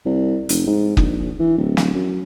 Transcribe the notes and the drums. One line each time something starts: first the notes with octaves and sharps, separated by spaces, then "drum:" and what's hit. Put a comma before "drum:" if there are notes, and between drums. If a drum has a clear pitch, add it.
C2
F1, drum: hi-hat
G#2
A#1, drum: kick
E3
D1
drum: snare
F#2